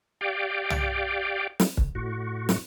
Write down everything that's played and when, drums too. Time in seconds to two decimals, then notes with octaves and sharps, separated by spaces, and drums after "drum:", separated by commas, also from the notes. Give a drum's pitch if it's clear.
0.21 G4 D5 F5 G5
0.70 drum: tom
1.60 drum: snare
1.77 drum: kick
1.95 A2 F#4
2.49 drum: snare